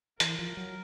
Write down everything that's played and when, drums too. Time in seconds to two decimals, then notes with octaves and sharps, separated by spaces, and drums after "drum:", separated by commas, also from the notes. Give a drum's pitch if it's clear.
0.20 E3 A#4, drum: hi-hat
0.39 F3
0.57 F#3